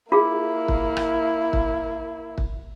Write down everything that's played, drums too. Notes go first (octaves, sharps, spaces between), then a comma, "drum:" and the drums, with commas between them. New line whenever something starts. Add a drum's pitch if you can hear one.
A#3 E4 F4 G#4
drum: kick
drum: rim click
drum: kick
drum: kick